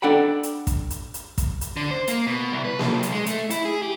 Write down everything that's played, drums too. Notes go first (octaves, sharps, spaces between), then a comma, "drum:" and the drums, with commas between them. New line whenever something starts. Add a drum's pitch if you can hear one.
D4 A4 F#5 G5 B5
drum: hi-hat
drum: kick, hi-hat
drum: hi-hat
drum: hi-hat
drum: kick, hi-hat
drum: hi-hat
D3
C5
A#3, drum: hi-hat
B2
C2
B4
B1, drum: snare A#3
drum: hi-hat
G#3
A3, drum: hi-hat
E4, drum: hi-hat
G#4
G4